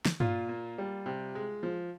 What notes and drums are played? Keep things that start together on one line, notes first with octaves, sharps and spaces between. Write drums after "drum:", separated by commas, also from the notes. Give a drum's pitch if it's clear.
drum: snare
A#2 F4, drum: tom G2
A#3
G3
C3
G#3
F3